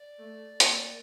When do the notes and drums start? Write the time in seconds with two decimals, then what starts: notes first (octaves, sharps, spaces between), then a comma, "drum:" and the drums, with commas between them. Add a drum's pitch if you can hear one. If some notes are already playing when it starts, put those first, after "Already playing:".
Already playing: D5
0.18 A3
0.60 A#3, drum: hi-hat